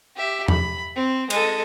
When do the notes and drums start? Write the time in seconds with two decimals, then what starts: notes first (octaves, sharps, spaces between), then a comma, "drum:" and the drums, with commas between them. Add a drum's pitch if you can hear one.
0.17 G4 E5
0.48 B5, drum: tom E2
0.96 C4
1.30 G#3 A4, drum: cymbal